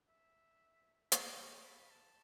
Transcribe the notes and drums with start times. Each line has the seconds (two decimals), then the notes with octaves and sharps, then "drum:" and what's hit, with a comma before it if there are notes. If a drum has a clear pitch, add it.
0.08 E5
1.12 A5, drum: hi-hat
1.64 B5
1.91 A5